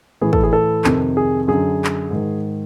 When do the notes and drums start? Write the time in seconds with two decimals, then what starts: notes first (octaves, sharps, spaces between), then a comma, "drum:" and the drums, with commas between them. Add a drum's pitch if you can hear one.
0.21 A2 E3 G#4
0.33 A4, drum: kick
0.43 G#4
0.53 A4
0.84 F2 C3 D#3, drum: clap
1.17 G#4
1.48 F#2 D3 G#4
1.84 drum: clap
2.11 G#2 D#3